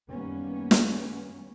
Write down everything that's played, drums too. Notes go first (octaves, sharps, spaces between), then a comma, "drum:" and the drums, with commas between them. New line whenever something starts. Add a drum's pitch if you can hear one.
F#2 D#3 G3 A#3 B3 C#4
drum: snare